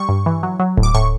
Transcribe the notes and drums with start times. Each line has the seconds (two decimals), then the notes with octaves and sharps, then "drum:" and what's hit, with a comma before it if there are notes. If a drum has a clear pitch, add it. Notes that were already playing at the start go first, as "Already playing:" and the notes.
Already playing: G3 C#6
0.09 G2
0.26 E3
0.43 F#3
0.59 F#3
0.77 A2, drum: kick D1
0.83 D6
0.94 A2 C#6